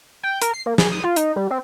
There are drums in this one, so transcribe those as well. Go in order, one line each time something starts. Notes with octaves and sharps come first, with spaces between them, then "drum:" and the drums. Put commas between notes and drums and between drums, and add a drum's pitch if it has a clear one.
G5
A#4, drum: hi-hat
C7
A#3
G#4, drum: snare
D#6
F4
D#4, drum: hi-hat
G3
C4